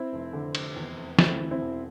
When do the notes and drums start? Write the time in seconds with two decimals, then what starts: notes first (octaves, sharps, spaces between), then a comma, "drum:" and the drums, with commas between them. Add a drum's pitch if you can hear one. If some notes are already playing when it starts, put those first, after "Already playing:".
Already playing: C4 E4
0.12 F1
0.33 D3
0.55 F1, drum: cymbal
0.76 E2
0.97 F1
1.19 D2 C4 E4, drum: snare
1.41 E3
1.51 C4 E4
1.61 E1